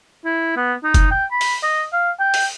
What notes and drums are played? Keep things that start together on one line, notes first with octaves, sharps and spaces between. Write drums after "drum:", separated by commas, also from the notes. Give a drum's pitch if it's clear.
E4
B3
D#4
drum: kick, hi-hat
G5
B5
drum: open hi-hat
D#5
F5
G5
drum: open hi-hat